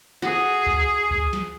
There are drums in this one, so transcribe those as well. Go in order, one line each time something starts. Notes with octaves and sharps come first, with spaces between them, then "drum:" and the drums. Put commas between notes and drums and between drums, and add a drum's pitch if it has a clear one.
F#4 G#4
drum: kick
drum: kick
drum: snare